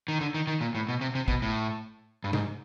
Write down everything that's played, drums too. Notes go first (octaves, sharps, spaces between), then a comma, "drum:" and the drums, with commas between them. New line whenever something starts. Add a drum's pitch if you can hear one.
D#3
D3
D#3
D#3
A#2
A2
B2
C3
C3
B2, drum: kick
A2
G2
G#2, drum: tom C3